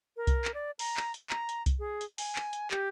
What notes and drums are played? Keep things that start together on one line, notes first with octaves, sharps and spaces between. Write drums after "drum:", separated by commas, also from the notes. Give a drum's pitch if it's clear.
A#4
drum: kick C2, hi-hat
drum: clap
D5
A#5, drum: open hi-hat
drum: clap
drum: hi-hat
A#5, drum: clap
drum: hi-hat
drum: kick C2, hi-hat
G#4
drum: hi-hat
G#5, drum: open hi-hat
drum: clap
drum: hi-hat
G4, drum: clap